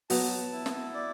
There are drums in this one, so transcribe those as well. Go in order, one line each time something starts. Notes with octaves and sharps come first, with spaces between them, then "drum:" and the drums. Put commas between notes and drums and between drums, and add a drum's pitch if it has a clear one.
F#3 B3 A5, drum: open hi-hat
E4
drum: snare
D5